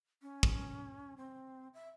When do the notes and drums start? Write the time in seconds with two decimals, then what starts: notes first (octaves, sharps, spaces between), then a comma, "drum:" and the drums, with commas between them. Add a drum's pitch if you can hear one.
0.22 C#4
0.43 drum: kick
1.17 C4
1.74 E5